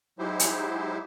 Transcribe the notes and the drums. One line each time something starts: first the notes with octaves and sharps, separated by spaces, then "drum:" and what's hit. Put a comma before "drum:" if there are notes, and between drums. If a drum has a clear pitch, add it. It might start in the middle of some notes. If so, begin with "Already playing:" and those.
F#3 G#3 D#4 E4 G4 C5
drum: hi-hat